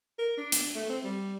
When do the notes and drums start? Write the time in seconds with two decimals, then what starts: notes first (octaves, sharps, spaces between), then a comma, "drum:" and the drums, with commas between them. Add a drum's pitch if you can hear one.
0.18 A#4
0.38 D4
0.52 drum: hi-hat
0.75 A3
0.89 C4
1.04 G3